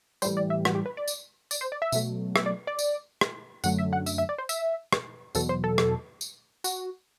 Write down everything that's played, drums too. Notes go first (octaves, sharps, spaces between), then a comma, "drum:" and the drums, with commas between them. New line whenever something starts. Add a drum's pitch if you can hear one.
A2 E3 G3 C5, drum: tambourine
D5
E5
F#4, drum: rim click
G4
B4
D5
drum: tambourine
D5, drum: tambourine
C5
D5
E5
B2 F#3 A3, drum: tambourine
E5, drum: rim click
D5
D5
drum: tambourine
drum: rim click
F#2 D3 F#3 A3 F#5, drum: tambourine
E5
F#5
E5, drum: tambourine
E5
D5
C5
E5, drum: tambourine
drum: rim click
E2 B2 F#3 A4, drum: tambourine
C5
A4
drum: rim click
drum: tambourine
F#4, drum: tambourine